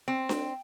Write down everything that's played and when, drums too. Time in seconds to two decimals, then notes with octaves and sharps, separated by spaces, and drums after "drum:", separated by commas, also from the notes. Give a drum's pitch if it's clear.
0.08 C4
0.29 drum: snare D4